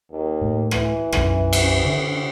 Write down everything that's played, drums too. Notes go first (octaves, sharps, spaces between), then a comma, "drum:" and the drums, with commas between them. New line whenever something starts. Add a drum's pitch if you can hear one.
D#2
A2
E3, drum: rim click
B1 F#2, drum: rim click
drum: cymbal
D3